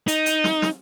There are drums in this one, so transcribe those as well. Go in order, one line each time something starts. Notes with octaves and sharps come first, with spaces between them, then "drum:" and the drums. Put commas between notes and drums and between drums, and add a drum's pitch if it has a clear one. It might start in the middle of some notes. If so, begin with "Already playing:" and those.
D#4, drum: hi-hat
drum: hi-hat
drum: snare
drum: snare